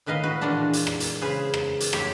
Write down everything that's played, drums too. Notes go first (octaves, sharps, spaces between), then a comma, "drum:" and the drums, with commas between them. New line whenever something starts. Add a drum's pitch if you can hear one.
A2 D#3 B4 D#5 F5
F#4 B4
A#2 E3 G#3 D4 F#5 A5
drum: hi-hat
drum: rim click
drum: hi-hat
C#3 G#4 B4 C5
drum: rim click
drum: hi-hat
A2 G#3 E4 G4 C#5, drum: rim click